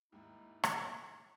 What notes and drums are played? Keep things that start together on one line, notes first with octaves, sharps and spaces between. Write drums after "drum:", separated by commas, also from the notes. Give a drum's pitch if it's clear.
D#2 G#2 D#4 E4
drum: rim click